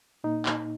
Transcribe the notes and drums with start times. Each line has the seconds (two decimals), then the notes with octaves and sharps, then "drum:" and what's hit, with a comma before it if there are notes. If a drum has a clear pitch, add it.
0.24 A#2 A#3 D#4
0.46 drum: clap